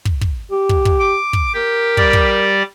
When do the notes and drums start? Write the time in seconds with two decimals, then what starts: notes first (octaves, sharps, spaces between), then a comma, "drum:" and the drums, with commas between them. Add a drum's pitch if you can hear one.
0.05 drum: kick
0.21 drum: kick
0.51 G4
0.69 drum: kick
0.85 drum: kick
1.00 D6
1.33 drum: kick
1.54 G4 A#4
1.97 G3 D5, drum: kick
2.13 drum: kick